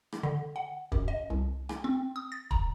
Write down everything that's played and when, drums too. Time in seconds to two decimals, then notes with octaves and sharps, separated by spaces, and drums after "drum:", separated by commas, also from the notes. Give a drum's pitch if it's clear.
0.12 drum: rim click
0.23 D3
0.56 F#5
0.92 F#2, drum: kick
1.08 D#5
1.30 C2
1.69 G5, drum: rim click
1.84 C4
2.16 D#6
2.32 A6
2.51 A#5, drum: kick